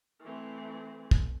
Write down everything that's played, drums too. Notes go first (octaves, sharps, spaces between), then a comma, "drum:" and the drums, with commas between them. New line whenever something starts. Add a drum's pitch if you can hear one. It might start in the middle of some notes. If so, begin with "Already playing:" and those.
E3 A3 C4
drum: kick